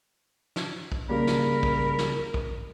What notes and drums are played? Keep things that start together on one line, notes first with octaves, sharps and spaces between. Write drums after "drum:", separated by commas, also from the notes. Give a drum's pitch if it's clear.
drum: snare
drum: kick
C#3 G3 A#3 A#4 B5
drum: snare
drum: kick
drum: snare
drum: kick